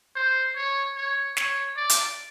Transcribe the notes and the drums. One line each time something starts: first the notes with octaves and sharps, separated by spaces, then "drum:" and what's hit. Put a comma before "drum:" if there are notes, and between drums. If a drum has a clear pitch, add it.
C5
C#5
C#5
C#5, drum: snare
D5
drum: hi-hat